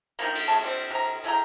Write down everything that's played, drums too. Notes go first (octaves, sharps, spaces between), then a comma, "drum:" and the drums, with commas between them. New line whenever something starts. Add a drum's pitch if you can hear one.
A#3 D#4 C#5 G5, drum: cymbal
drum: cymbal
C#3 A3 A5
G3 C4
C3 A#5
C#3 E4 G5 A#5